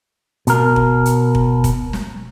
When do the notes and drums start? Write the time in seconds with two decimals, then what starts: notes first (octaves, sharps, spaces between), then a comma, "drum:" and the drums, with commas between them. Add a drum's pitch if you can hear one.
0.47 B2 A#4, drum: hi-hat
0.76 drum: kick
1.05 drum: hi-hat
1.35 drum: kick
1.64 drum: kick, hi-hat
1.93 drum: snare